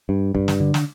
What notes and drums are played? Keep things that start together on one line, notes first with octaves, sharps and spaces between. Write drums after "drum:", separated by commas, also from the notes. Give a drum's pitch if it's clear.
G2
G2, drum: kick
drum: snare
D3
drum: snare